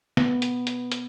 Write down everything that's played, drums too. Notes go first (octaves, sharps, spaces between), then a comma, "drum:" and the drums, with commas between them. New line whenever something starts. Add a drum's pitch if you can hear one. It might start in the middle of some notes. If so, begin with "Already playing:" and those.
B3, drum: snare
drum: hi-hat
drum: hi-hat
drum: hi-hat